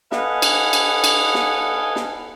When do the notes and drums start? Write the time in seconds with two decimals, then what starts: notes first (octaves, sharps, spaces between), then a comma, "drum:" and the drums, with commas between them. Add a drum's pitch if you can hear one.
0.12 A4 B4 D#5 F5 F#5 G#5, drum: snare
0.42 drum: cymbal
0.73 drum: cymbal
1.04 drum: cymbal
1.34 drum: snare
1.96 drum: snare